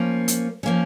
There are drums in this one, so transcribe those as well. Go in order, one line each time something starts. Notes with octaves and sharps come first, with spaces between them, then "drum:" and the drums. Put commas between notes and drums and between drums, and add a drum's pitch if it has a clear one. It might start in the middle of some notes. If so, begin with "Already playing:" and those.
Already playing: F3 A#3 C#4
drum: hi-hat
F3 A#3 C#4